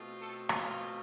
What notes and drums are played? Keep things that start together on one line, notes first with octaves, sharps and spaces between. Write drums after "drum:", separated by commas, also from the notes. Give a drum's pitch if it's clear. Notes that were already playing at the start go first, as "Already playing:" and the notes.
Already playing: B2 A3 C4 F4
A4
F4, drum: rim click